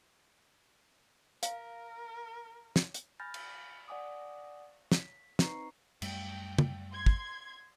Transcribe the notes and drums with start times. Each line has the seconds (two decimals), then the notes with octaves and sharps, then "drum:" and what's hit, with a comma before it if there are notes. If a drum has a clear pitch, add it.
1.43 A#4 F5, drum: hi-hat
2.76 drum: snare
2.94 drum: hi-hat
3.20 G#5 B5 F6 G6 A6 A#6
3.34 drum: cymbal
3.88 D5 F#5 G#5 D6 D#6
4.92 B6, drum: snare
5.39 C4 D#4 B4 A#5 C#6 C7, drum: snare
6.02 F#2 G3 A3 G5, drum: cymbal
6.58 drum: tom
6.91 C6 G#6
7.06 drum: kick